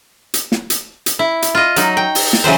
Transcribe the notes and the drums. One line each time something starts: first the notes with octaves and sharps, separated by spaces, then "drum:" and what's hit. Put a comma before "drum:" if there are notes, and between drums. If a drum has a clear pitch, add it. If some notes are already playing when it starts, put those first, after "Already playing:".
drum: hi-hat
drum: snare
drum: hi-hat
drum: hi-hat
E4
drum: hi-hat
F4 D#5
F#3 D#4, drum: hi-hat
G5
drum: open hi-hat
drum: snare
C#3 E3 F#3 C5